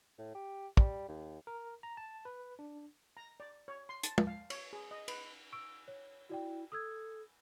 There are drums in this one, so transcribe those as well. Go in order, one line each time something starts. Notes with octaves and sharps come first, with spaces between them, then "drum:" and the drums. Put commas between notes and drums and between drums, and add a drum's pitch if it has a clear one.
A2
G4
G3, drum: kick
D#2
A#4
A#5
A5
B4
D4
A#5
D5
C#5
C6
A5, drum: hi-hat
drum: tom
F5
C#5, drum: cymbal
G#4
D#5
B4, drum: cymbal
C#6 E6 D7
C#5
E4 F#4 D5 G5
A4 D#6 E6 G#6